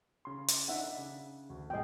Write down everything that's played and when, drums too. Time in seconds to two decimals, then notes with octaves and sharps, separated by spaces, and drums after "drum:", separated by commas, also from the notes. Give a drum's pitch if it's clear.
0.25 C#3 C6
0.48 drum: hi-hat
0.68 D4 D#4 E5 F#5
0.98 C#3
1.50 D2
1.70 B1 G#2 G#4 D#5 G5